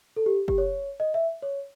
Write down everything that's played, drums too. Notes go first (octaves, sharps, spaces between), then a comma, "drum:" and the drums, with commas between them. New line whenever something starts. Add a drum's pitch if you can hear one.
A4
G4
G4, drum: kick F#1
C#5
D#5
E5
C#5